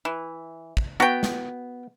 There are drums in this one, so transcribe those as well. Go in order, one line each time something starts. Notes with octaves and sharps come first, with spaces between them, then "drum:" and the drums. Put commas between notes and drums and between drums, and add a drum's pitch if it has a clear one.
E3
drum: kick
B3 F#4 G5
drum: snare